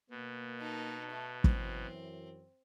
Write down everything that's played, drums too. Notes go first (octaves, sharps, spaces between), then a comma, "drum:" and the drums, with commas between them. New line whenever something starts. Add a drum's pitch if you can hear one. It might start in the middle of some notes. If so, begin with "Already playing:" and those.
B2 A#3
D#4 A4
A3
F#2 E3 C4, drum: kick